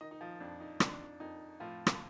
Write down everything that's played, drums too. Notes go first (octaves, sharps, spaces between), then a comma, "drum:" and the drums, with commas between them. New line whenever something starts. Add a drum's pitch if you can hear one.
D#3 D#4 D#5
D#4
F3 F4
F2 D4
D#4
F2 D4, drum: rim click
F2 D#4
A2 F3 F4
drum: rim click